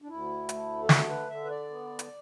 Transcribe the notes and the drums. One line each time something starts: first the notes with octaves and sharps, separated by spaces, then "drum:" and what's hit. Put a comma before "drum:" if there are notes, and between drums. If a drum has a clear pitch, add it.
D4
D2 E4
A3, drum: hi-hat
A4
D3 F#4, drum: snare
B4
D3 E5
B4
D5
B3
drum: hi-hat